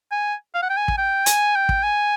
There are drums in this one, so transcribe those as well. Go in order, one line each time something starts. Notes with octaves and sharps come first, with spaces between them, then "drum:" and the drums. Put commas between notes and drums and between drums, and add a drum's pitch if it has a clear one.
G#5
F5
F#5
G5
G#5
drum: kick
G5
G#5, drum: hi-hat
G5
drum: kick
G#5